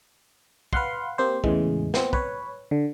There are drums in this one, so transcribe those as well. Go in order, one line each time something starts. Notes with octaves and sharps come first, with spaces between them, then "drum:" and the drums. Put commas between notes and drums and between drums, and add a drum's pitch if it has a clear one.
B4 F5 F#5 C6, drum: kick
A#3 C4 G4 C5
E2 A2 C#3 E3 G#3, drum: kick
B3 C4, drum: snare
B4 C#5, drum: kick
D3